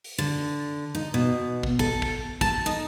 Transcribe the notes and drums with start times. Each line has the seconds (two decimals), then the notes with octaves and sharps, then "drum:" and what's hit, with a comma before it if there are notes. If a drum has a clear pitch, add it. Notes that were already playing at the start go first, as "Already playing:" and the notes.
0.04 drum: open hi-hat
0.18 D3
0.95 D#4
1.14 B2
1.63 drum: kick
1.79 A4, drum: kick
2.02 drum: kick
2.41 A5, drum: kick
2.66 D#4